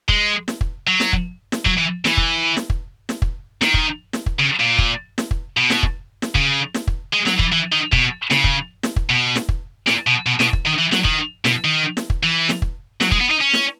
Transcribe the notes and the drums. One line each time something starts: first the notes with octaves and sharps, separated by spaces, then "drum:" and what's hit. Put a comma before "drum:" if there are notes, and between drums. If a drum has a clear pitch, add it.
G#3, drum: kick
drum: snare
drum: kick
F#3
drum: snare
drum: kick
drum: snare
F#3, drum: kick
E3
E3, drum: snare
drum: kick
drum: snare
drum: kick
drum: snare
drum: kick
D#3, drum: snare
drum: kick
drum: snare
drum: kick
C#3
A#2
drum: kick
drum: snare
drum: kick
B2
drum: snare
drum: kick
drum: snare
C#3, drum: kick
drum: snare
drum: kick
G#3
F#3, drum: snare
E3, drum: kick
E3
D#3
B2, drum: kick
C#3, drum: snare
drum: kick
drum: snare
drum: kick
B2
drum: snare
drum: kick
A#2, drum: snare
B2
B2
B2, drum: snare
drum: kick
D#3
E3
F#3, drum: snare
D#3, drum: kick
B2, drum: snare
D#3
drum: snare
drum: kick
E3
drum: snare
drum: kick
F#3, drum: snare
G#3, drum: kick
B3
D#4
C#4
drum: snare